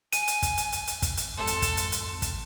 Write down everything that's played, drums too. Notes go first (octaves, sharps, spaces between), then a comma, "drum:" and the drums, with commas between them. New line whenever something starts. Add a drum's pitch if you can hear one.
G#5 D#7, drum: hi-hat
drum: hi-hat
drum: kick, hi-hat
drum: hi-hat
drum: hi-hat
drum: hi-hat
drum: kick, hi-hat
drum: hi-hat
G#1 F2 A4 C6
drum: hi-hat
drum: kick, hi-hat
drum: hi-hat
drum: hi-hat
drum: kick, hi-hat